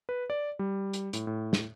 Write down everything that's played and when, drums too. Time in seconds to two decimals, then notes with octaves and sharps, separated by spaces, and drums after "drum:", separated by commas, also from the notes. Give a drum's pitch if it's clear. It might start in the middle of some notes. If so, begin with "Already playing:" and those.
0.09 B4
0.30 D5
0.59 G3
0.93 drum: hi-hat
1.13 A2, drum: hi-hat
1.27 A2
1.53 drum: snare